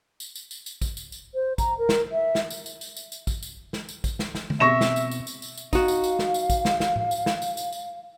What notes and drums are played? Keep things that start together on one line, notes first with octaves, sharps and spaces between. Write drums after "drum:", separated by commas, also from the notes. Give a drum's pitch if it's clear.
drum: tambourine
drum: tambourine
drum: tambourine
drum: tambourine
drum: kick, tambourine
drum: tambourine
drum: tambourine
C5
A#5, drum: kick, tambourine
A#4
drum: snare
E5
drum: snare
drum: tambourine
drum: tambourine
drum: tambourine
drum: tambourine
drum: tambourine
drum: kick, tambourine
drum: tambourine
drum: snare
drum: tambourine
drum: kick, tambourine
drum: snare
drum: snare
drum: tom D3
B2 B3 C4 E5 C#6 A#6 E7
drum: snare
drum: tambourine
drum: tambourine
drum: tambourine
drum: tambourine
drum: tambourine
D#4 F#4 F5, drum: kick, tambourine
drum: tambourine
drum: tambourine
drum: snare
drum: tambourine
drum: kick, tambourine
drum: snare
drum: snare
drum: tom A2
drum: tambourine
drum: snare
drum: tambourine
drum: tambourine
drum: tambourine